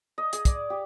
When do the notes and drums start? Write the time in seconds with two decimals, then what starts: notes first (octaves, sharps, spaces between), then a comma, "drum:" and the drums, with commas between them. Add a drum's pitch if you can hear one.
0.18 D#5
0.33 G#4, drum: hi-hat
0.45 D5, drum: kick, hi-hat
0.70 G4